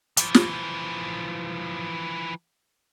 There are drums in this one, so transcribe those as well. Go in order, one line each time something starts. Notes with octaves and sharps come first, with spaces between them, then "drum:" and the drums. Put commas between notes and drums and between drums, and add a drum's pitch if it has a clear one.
E3 F3, drum: hi-hat
drum: snare